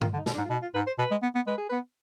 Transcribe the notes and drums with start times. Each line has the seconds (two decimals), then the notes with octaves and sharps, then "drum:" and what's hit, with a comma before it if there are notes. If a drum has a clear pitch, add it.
0.01 D#3 F4, drum: tom G2
0.13 D3
0.18 D#4
0.26 B2, drum: snare
0.34 D4
0.38 G#2
0.45 F4
0.49 B2 D#4
0.62 F4
0.74 G#2 B4
0.87 C5
0.98 B2 B4
1.11 G#3
1.23 B3
1.35 B3
1.47 G#3 B4
1.58 G#4
1.69 B3 B4